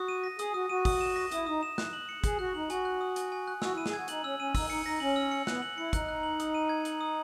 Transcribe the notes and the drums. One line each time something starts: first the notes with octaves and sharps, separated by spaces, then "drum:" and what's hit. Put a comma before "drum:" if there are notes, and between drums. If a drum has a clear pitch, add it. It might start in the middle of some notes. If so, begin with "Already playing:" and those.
Already playing: F#4 D#6
D#7
A#6
G#4 D#6, drum: hi-hat
F#4 D#6
F#4 D#7
D#6, drum: kick, open hi-hat
E7
A#6
E4 D#6, drum: hi-hat
D#4 D#6
E7
F#6, drum: snare
F#7
C#7
G#4 F#6, drum: kick, hi-hat
F#4 F#6
D#4 F#7
F#4 G#5, drum: hi-hat
F#6
D#6
G#5, drum: hi-hat
G#5
F#6
F#4 E6, drum: snare
E4 D#7
G#4, drum: snare
F#4 G#6
D#4 F#7, drum: hi-hat
C#4 E6
C#4 D#7
D#4 E6, drum: kick, open hi-hat
D#4 C#7
D#4 A#6
C#4 F#7
E6
C#7
B3 F#6, drum: snare
F#7
E4 C#7
D#4 F#6, drum: kick, hi-hat
F#6
F#7
D#6, drum: hi-hat
D#7
G#6
F#7, drum: hi-hat
D#6